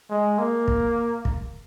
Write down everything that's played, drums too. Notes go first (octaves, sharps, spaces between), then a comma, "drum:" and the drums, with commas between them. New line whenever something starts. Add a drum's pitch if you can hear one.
G#3
A#3
drum: kick
drum: kick